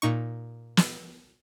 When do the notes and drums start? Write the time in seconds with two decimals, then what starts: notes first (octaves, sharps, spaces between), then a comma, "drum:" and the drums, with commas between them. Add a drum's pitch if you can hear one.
0.02 A#2 D#4 C#6
0.77 drum: snare